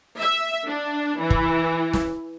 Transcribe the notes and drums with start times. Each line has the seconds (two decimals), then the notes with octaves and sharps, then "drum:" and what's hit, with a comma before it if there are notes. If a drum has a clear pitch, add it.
0.19 E5
0.67 D4
1.20 E3
1.30 drum: kick
1.93 drum: snare